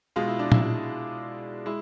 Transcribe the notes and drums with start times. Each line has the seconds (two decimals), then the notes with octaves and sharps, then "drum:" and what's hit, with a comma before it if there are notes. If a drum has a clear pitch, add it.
0.16 B2 G#3 F4
0.28 E4
0.39 D4
0.52 E4, drum: tom A#2
1.66 G#3 E4